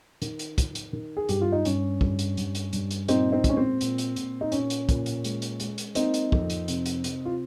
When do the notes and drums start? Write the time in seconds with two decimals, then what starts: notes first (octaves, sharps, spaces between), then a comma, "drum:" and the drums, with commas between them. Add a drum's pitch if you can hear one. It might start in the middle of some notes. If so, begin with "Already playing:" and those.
0.22 D#3, drum: hi-hat
0.39 drum: hi-hat
0.58 D#3, drum: kick, hi-hat
0.75 drum: hi-hat
0.93 D#3
1.17 G#4
1.29 G2 G4, drum: hi-hat
1.41 F4
1.52 D#4
1.65 G2 C#4, drum: hi-hat
2.01 G2, drum: kick
2.19 drum: hi-hat
2.37 G2, drum: hi-hat
2.55 drum: hi-hat
2.73 G2, drum: hi-hat
2.91 drum: hi-hat
3.08 A#2 C4 D#4, drum: hi-hat
3.32 C4 D#4
3.44 G#3 C#4, drum: kick, hi-hat
3.57 C4
3.81 A#2, drum: hi-hat
3.98 drum: hi-hat
4.16 A#2, drum: hi-hat
4.41 D#4
4.52 A#2 C#4, drum: hi-hat
4.70 drum: hi-hat
4.89 A#2, drum: kick, hi-hat
5.06 drum: hi-hat
5.24 G#3, drum: hi-hat
5.42 drum: hi-hat
5.60 G#3, drum: hi-hat
5.78 drum: hi-hat
5.95 A#3 C4 D#4, drum: hi-hat
6.14 drum: hi-hat
6.32 F2, drum: kick
6.50 drum: hi-hat
6.68 C3, drum: hi-hat
6.86 drum: hi-hat
7.04 C3, drum: hi-hat
7.25 F4